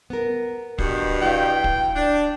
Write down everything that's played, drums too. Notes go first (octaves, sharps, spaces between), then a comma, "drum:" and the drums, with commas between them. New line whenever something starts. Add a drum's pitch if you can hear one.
B3 A#4
G2 B2, drum: kick
E4 B4 F5 G5
drum: kick
D4